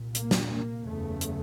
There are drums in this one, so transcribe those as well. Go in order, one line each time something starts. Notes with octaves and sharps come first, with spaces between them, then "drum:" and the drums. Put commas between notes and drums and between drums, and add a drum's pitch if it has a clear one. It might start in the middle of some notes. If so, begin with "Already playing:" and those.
Already playing: C2 A#2
A#3, drum: hi-hat
drum: snare
A#3
F#1 E2 C#3 A3
drum: hi-hat